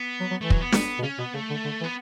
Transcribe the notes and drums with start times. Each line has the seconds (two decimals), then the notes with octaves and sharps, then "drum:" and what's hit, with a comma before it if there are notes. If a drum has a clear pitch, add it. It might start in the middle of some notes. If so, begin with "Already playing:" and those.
Already playing: B3
0.20 F#3
0.30 F#3
0.41 E3 A3
0.50 F#3, drum: kick
0.61 B3
0.72 drum: snare
0.99 B2
1.02 C#3 C#4
1.18 B2 B3
1.34 C#3 A3
1.50 D3
1.65 D3
1.81 E3
1.84 B3